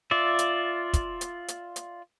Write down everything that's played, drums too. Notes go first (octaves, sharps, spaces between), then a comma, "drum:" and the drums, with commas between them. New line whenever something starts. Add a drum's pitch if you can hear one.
F4 D5 E5
drum: hi-hat
drum: kick, hi-hat
drum: hi-hat
drum: hi-hat
drum: hi-hat